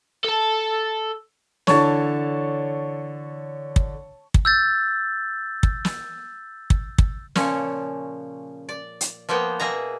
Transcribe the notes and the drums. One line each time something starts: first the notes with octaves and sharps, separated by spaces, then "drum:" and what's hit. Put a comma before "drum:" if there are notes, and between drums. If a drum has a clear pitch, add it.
A4 A5
D3 E3 A4 C#5 A5, drum: snare
drum: kick
drum: kick
E6 G6 A6
drum: kick
drum: snare
drum: kick
drum: kick
A#2 C#3 F3 C#4, drum: snare
D5
drum: hi-hat
F3 A#3 B3 G5
B2 A#3 G#4 E5 A#5